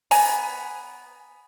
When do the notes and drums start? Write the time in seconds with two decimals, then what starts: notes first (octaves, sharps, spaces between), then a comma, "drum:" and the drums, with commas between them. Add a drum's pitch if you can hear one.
0.11 B3 G#5 A#5, drum: open hi-hat